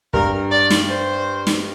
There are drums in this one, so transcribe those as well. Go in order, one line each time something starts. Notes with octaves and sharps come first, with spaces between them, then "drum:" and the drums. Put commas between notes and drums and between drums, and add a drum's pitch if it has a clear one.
G2 A#4, drum: kick
D5
drum: snare
C5
drum: snare